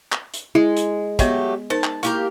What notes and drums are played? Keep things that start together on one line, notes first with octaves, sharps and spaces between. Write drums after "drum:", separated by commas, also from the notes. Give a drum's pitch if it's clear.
drum: clap
drum: hi-hat
G#3 E4
drum: hi-hat
F#3 A3 B3 G4 D#5, drum: kick, hi-hat
D#4 A#4 C5 A5
drum: clap
A#3 E4 G4 A#4, drum: hi-hat